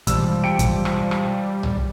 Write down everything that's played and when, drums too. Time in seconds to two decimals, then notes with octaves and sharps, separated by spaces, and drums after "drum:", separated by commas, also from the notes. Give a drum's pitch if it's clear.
0.07 B2 E3 F3 G3 G#3 E6, drum: kick, hi-hat
0.44 G5 C#7 D7
0.59 drum: kick, hi-hat
0.85 drum: rim click
1.11 drum: rim click
1.63 drum: tom B1